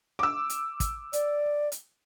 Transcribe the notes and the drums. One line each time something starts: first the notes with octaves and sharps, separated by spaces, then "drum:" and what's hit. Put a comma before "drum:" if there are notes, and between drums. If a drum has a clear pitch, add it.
D6 E6
drum: hi-hat
drum: kick, hi-hat
D5, drum: hi-hat
drum: hi-hat